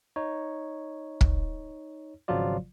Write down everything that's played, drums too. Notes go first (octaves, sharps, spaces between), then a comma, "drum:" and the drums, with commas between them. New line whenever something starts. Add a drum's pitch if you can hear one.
D#4 C#5
drum: kick
G#1 C#3 F3 F#3 F4 D5